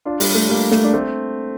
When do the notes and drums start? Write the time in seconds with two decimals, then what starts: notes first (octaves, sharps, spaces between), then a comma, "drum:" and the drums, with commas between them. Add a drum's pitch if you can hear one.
0.05 D4 F4
0.20 G3, drum: open hi-hat
0.35 A3
0.49 G3 A#3
0.72 A3, drum: snare
0.84 D4
0.93 A3 C4